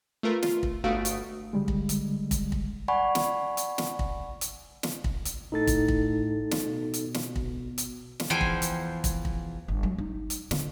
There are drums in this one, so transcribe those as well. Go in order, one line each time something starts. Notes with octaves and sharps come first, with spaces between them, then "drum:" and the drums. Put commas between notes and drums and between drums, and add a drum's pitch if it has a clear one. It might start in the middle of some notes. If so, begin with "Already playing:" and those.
A3 F4 A#4 B4
F4, drum: snare
drum: kick
G1 A3 F#4 F5 D#6 D7
drum: hi-hat
D3 G3 G#3
drum: kick
drum: hi-hat
drum: kick, hi-hat
drum: kick
D5 F#5 G#5 B5 C#6
drum: snare
drum: hi-hat
drum: snare
drum: kick
drum: hi-hat
drum: snare
drum: kick
drum: hi-hat
A2 D#4 A4 A6
drum: kick, hi-hat
drum: kick
drum: snare
B2
drum: hi-hat
drum: snare
drum: kick
drum: hi-hat
drum: snare
E2 F3 C5 G5 G#5
drum: kick
drum: hi-hat
drum: kick, hi-hat
drum: kick
G1
F#3
D#4
drum: hi-hat
D3, drum: snare